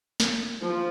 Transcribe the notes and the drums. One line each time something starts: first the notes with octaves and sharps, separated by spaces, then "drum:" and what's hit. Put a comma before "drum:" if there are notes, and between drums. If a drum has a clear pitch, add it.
drum: snare
F3